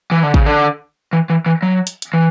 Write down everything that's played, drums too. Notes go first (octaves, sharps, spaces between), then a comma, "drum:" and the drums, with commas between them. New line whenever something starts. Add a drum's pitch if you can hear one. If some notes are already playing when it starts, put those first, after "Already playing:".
E3
D3
C#3, drum: kick G#1
D3
E3
E3
E3
F#3
drum: hi-hat
drum: hi-hat
E3